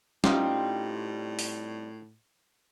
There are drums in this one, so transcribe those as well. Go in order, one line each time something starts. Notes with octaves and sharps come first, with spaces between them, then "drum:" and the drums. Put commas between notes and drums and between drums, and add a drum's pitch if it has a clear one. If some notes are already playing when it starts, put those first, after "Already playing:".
A2 G3 C4 C#4 D#4 F4 G4 F#5, drum: snare
drum: open hi-hat